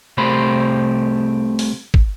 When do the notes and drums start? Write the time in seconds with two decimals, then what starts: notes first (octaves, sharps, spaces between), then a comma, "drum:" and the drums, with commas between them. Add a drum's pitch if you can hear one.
0.17 C2 C3 A3 G4 C5 B5
1.59 drum: open hi-hat
1.94 drum: kick